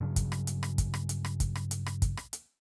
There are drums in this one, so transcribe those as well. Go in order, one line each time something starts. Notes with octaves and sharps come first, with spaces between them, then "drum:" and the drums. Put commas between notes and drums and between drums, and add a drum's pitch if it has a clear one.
G2 C#3 F#3
drum: kick, hi-hat
drum: rim click
drum: hi-hat
drum: rim click
drum: kick, hi-hat
drum: rim click
drum: hi-hat
drum: rim click
drum: kick, hi-hat
drum: rim click
drum: hi-hat
drum: rim click
drum: kick, hi-hat
drum: rim click
drum: hi-hat